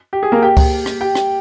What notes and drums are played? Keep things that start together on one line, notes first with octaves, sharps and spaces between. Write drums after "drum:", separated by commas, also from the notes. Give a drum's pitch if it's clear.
G4
G#4
A#3 A#4
G4 G5
drum: kick C#2, open hi-hat
drum: rim click
G4 G5
drum: rim click